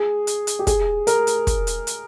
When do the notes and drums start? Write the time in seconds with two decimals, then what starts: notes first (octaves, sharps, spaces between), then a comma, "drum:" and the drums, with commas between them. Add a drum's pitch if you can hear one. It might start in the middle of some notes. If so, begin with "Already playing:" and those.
Already playing: G#4
0.27 drum: hi-hat
0.47 drum: hi-hat
0.59 G4
0.67 G#4, drum: kick, hi-hat
1.07 A#4, drum: hi-hat
1.27 drum: hi-hat
1.47 drum: kick, hi-hat
1.67 drum: hi-hat
1.87 drum: hi-hat